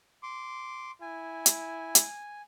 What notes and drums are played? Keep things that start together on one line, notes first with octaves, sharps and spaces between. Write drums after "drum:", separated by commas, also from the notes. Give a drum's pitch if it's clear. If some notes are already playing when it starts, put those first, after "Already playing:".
C6 D6
E4 G#5
drum: hi-hat
drum: hi-hat